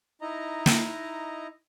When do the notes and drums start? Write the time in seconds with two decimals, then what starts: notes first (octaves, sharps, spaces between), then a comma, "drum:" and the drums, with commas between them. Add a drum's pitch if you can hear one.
0.22 D#4 E4 D#5 A#5
0.66 drum: snare